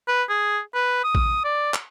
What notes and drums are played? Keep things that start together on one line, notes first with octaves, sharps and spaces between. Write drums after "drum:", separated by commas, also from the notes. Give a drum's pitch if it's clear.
B4
G#4
B4
D#6
drum: kick A#1
D5
drum: clap